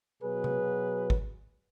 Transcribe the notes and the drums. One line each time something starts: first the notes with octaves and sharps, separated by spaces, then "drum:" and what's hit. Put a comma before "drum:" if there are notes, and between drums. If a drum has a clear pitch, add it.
B2 F#3 G#4 B4
drum: tom C3
drum: kick